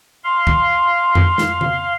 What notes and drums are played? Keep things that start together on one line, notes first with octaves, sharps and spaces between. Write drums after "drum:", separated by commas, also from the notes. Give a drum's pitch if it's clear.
F5 C6
drum: kick B1
drum: tom F2
drum: snare
drum: tom C#3